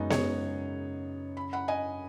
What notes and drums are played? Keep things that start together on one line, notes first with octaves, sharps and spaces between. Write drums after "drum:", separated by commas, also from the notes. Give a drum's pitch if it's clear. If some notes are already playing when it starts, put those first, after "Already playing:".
Already playing: F#2 C#3 G#3 B3 C#4 D#4 F#4
G#4 C#5, drum: snare B3
B5
F#5 B5
D#5 G#5